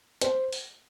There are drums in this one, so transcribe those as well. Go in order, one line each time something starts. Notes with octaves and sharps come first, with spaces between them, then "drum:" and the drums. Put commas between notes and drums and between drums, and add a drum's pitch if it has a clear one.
C5, drum: hi-hat
drum: open hi-hat